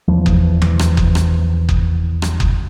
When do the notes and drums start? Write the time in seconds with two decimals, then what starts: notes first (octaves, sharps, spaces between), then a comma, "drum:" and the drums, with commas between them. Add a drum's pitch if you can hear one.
0.08 E2 E3 F3
0.26 drum: kick F#1
0.62 drum: tom
0.79 drum: rim click
0.97 drum: kick F#1
1.15 drum: rim click
1.69 drum: kick F#1
2.22 drum: rim click
2.40 drum: kick F#1